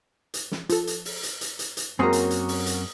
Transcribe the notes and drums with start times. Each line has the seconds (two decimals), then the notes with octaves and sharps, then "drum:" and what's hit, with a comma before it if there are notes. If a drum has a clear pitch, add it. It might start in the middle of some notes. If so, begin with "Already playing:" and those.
0.34 drum: hi-hat
0.52 drum: snare
0.69 F3 A4, drum: hi-hat
0.87 drum: hi-hat
1.05 drum: open hi-hat
1.23 drum: hi-hat
1.41 drum: hi-hat
1.59 drum: hi-hat
1.77 drum: hi-hat
1.99 F#2 A#3 C4 C#4 F#4 G#4 A#5 D#6
2.13 drum: hi-hat
2.31 drum: hi-hat
2.48 drum: open hi-hat
2.66 drum: hi-hat